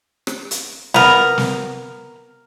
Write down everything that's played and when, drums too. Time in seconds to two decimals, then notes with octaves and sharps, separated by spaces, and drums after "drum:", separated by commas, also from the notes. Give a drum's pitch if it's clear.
0.27 drum: rim click
0.51 drum: hi-hat
0.94 B3 A#4, drum: snare
1.38 drum: snare